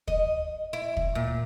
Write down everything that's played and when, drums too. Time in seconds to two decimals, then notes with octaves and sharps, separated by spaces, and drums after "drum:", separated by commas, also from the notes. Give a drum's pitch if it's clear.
0.08 D#5, drum: kick
0.73 E4
0.97 drum: kick
1.15 A#2